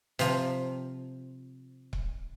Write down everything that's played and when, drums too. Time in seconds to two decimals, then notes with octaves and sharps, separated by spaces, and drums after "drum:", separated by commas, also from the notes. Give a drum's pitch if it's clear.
0.19 C3 F3, drum: hi-hat
1.93 drum: kick C#1